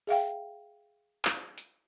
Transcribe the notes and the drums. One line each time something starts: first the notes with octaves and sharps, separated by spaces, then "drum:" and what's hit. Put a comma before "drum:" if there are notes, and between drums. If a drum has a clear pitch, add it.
G#4 E5 F5 G5
drum: clap
drum: hi-hat